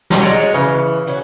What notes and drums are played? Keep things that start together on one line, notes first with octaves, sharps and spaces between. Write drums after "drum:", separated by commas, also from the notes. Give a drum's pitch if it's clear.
drum: snare
G#3 D#4 F#4 C#5 D5 A#5
C#5
C#3 E3
C#4 F#4